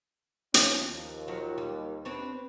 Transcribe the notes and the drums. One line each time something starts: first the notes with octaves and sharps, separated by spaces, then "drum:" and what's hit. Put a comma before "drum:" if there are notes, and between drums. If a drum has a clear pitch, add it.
F3 C#4, drum: hi-hat
D#2
F3 F#3 F#4
G3
C4 D4 B4 C#5